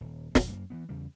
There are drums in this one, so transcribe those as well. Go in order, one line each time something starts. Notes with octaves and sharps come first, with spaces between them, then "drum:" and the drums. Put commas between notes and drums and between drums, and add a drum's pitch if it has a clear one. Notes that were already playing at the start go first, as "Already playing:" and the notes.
D#1
A#1 F2, drum: snare
F#2 A#3
E3 F3 B3
E2 C#3 G3